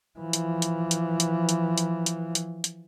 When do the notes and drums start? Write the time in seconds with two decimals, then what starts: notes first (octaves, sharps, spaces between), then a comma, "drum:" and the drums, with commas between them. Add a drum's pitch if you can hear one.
0.19 E3 F3
0.33 drum: hi-hat
0.62 drum: hi-hat
0.91 drum: hi-hat
1.20 drum: hi-hat
1.49 drum: hi-hat
1.78 drum: hi-hat
2.06 drum: hi-hat
2.35 drum: hi-hat
2.64 drum: hi-hat